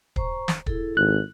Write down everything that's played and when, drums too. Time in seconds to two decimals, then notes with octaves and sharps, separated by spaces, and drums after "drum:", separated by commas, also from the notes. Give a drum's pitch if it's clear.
0.16 C5 A#5 C#6, drum: kick
0.48 drum: snare
0.66 E4 G#4 A4, drum: kick
0.97 G#1 F#6